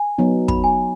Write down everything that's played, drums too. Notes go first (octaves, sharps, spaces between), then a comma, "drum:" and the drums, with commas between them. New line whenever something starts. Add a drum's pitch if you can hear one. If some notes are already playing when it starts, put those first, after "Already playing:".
Already playing: G#5
F#3 B3 D#4
B5, drum: kick
G#5